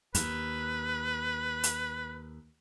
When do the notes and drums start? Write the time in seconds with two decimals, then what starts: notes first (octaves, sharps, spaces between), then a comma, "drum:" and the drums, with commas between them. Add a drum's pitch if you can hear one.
0.15 D#2 B4, drum: hi-hat
1.63 drum: hi-hat